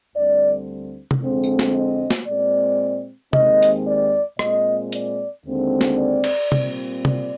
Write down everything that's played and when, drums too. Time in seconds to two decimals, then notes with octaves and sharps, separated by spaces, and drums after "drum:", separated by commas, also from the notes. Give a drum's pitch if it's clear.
0.15 D2 D3 G3 C4 D5
1.11 drum: tom C3
1.21 F2 D3 G#3 C4
1.44 drum: tambourine
1.59 drum: snare
1.74 D#5
2.11 drum: snare
2.27 A#2 G#3 C4 D5
3.33 D#2 D#3 G#3 C4 D#5, drum: tom C3
3.62 drum: hi-hat
3.87 D5
4.39 A#2 G#3 C4 D#5, drum: rim click
4.92 D5, drum: hi-hat
5.46 D#2 D3 G#3 C4
5.81 drum: snare
5.98 D5
6.24 drum: cymbal
6.52 A#2 G3 C4, drum: tom C3
7.05 D5, drum: tom C3